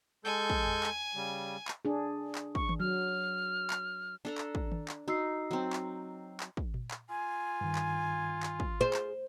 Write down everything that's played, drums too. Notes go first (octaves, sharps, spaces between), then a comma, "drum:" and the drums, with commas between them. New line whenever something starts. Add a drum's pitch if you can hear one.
G#3 A4 G#5 G6
drum: kick
drum: tom E2
drum: clap
C#3 G3
drum: clap
D4 G#4
drum: clap
C#6, drum: kick
drum: tom D#3
F#3 F6
drum: clap
D4 A4 A#5
drum: clap
drum: kick
drum: tom D#3
drum: clap
D#4 F#4 E6 C7
F#3 C4
drum: clap
drum: clap
drum: kick
drum: tom A#2
drum: clap
F4 G#5
G2 D#3
drum: clap
drum: clap
drum: kick
G#4 C5
drum: clap